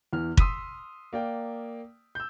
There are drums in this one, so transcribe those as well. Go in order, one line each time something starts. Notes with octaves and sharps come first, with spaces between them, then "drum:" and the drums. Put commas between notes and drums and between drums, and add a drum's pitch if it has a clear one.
E2 E3 F6
C6 D#6 E6 B6 D#7, drum: kick
A#3 D5 G5
E6 G6